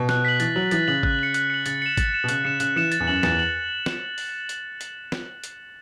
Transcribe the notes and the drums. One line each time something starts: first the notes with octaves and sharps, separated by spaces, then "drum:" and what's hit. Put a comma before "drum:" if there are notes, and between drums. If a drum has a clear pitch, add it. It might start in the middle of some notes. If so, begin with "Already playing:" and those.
Already playing: B2
F#6, drum: snare
B6 F#7
E3 A6, drum: hi-hat
F#3 F#7
E3 A6, drum: hi-hat
C#3 F#7
F#6, drum: kick G#1
C#7 F#7
F#6, drum: hi-hat
C#7 F#7
C#3 A6, drum: hi-hat
C#7 E7
A6, drum: kick G#1, hi-hat
C#7 E7
B2
C#3 F#6, drum: hi-hat
C#3 C#7 E7
C#3 F#6, drum: hi-hat
E3 C#7 E7
A6, drum: hi-hat
E2
F#2 F#7
E2 A6, drum: snare
F#7
drum: snare
drum: open hi-hat
drum: hi-hat
drum: hi-hat
drum: snare
drum: hi-hat